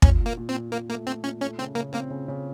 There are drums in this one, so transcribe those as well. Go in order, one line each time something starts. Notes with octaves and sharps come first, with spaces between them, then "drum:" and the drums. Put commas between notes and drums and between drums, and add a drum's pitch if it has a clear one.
A#2 C#4, drum: kick
A#2
A#3
A#2
C4
A#2
A#2 A#3
A3 A#3
A3 C4
A#2 C#4
A3 C#4
C#3 C4
C#3 A#3
A#3 C4
C#3
C#3